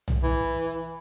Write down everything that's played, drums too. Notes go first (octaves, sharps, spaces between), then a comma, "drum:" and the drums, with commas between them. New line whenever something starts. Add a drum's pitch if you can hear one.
drum: tom B1
E3